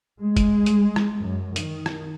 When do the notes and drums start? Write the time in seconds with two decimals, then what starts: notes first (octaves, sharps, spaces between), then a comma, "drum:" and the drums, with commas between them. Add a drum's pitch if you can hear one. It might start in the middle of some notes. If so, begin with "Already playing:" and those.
0.22 G#3
0.36 drum: kick G1, hi-hat
0.66 drum: hi-hat
0.96 drum: rim click
1.18 F#2
1.56 D#3, drum: hi-hat
1.86 drum: rim click